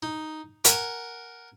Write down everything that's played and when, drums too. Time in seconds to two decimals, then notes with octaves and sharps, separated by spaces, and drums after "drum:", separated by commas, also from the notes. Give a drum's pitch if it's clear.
0.03 D#4
0.64 A#4 F#5 G#5, drum: hi-hat